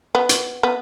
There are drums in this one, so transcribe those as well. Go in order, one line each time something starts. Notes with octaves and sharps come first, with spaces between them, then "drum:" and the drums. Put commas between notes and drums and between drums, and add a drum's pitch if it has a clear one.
B3
drum: hi-hat
B3